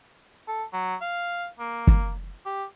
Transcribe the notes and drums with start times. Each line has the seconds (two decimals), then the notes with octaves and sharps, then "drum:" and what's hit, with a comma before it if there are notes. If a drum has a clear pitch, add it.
0.48 A4
0.73 F#3
1.01 F5
1.59 A#3
1.87 drum: kick
2.46 G4